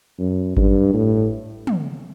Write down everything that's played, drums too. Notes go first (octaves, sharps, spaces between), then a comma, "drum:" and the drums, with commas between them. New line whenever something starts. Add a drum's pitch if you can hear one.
F#2
G2, drum: kick G#1
A2
drum: tom